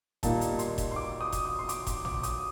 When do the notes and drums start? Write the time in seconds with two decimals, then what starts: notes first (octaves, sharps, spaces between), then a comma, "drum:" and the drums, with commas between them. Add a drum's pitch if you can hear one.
0.23 A#2 G3 A#3 D#4 A5, drum: kick E1, hi-hat
0.41 drum: hi-hat
0.59 C6, drum: hi-hat
0.78 drum: kick E1, hi-hat
0.92 C6
0.96 D6
1.21 D#6
1.32 drum: kick E1, hi-hat
1.45 D#6
1.59 C6
1.69 D6, drum: hi-hat
1.87 D6, drum: kick E1, hi-hat
2.05 D6, drum: tom
2.23 D#6, drum: hi-hat